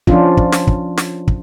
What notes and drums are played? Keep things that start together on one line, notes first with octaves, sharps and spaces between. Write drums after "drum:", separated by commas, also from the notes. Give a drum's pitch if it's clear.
F3 C#4 D4 F4, drum: kick
drum: kick
drum: snare
drum: kick
drum: snare
drum: kick